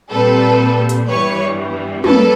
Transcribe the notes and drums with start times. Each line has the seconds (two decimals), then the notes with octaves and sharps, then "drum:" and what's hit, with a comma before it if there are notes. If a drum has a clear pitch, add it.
0.11 A#2 G3 C4 A4 B4
0.89 drum: hi-hat
1.07 G2 E3 G3 B3 B4 C#5
2.04 G3 A#3 C#4 A4 B4, drum: tom